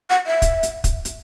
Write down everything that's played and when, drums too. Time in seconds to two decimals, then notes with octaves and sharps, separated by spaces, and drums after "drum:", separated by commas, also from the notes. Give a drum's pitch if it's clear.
0.10 F#5
0.27 E5
0.42 drum: kick, hi-hat
0.63 drum: hi-hat
0.84 drum: kick, hi-hat
1.05 drum: hi-hat